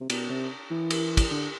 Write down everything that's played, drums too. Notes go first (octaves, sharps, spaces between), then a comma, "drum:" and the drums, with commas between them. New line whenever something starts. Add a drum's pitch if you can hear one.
C3
B2, drum: cymbal
C3
E3
drum: cymbal
drum: kick, cymbal
D3